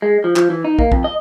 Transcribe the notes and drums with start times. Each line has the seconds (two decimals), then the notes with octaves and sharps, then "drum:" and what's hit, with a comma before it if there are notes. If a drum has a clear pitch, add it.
0.02 G#3
0.24 F3
0.36 F3, drum: clap
0.50 E3
0.65 D#4
0.79 A#3, drum: kick
0.92 F2, drum: kick
1.04 D#5